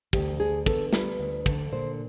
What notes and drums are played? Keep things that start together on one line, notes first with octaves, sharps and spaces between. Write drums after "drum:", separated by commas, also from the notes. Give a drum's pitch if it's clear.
D2 G4, drum: kick
D3 G#4
B3 A4, drum: kick
G3 B4, drum: snare
D2
D3, drum: kick
A#2 C5